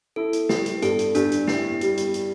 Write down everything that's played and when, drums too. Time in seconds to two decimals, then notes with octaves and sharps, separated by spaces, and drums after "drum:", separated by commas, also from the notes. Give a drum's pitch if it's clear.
0.16 E4 A4
0.33 drum: hi-hat
0.49 G3 G4, drum: snare
0.66 drum: hi-hat
0.82 G2 A4, drum: hi-hat
0.99 drum: hi-hat
1.15 G2 D4, drum: hi-hat
1.32 drum: hi-hat
1.47 E4 G4, drum: snare
1.81 G3, drum: hi-hat
1.97 drum: hi-hat
2.14 drum: hi-hat